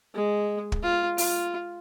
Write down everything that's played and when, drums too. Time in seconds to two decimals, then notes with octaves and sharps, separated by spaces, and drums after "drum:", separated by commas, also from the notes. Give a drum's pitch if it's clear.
0.14 G#3
0.72 drum: kick
0.83 F4
1.18 F4, drum: open hi-hat